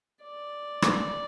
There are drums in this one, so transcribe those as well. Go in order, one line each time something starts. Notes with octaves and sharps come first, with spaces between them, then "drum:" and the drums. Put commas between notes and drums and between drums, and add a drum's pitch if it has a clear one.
D5
drum: rim click